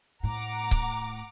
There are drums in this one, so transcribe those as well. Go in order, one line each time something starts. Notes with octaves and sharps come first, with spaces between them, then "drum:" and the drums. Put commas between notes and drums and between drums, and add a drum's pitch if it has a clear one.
A2 F#5 A#5 D6
drum: kick C#1